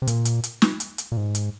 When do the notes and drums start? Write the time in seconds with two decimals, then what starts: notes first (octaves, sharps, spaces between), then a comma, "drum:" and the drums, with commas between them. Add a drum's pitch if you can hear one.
0.02 C3
0.07 A#2, drum: hi-hat
0.25 drum: hi-hat
0.44 drum: hi-hat
0.62 drum: snare
0.80 drum: hi-hat
0.98 drum: hi-hat
1.12 A#2
1.17 G#2
1.35 drum: hi-hat